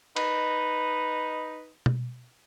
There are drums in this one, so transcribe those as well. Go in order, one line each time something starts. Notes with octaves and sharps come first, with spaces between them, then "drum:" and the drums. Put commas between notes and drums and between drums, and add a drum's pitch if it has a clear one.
D#4 B4 D#5, drum: cymbal
drum: tom B2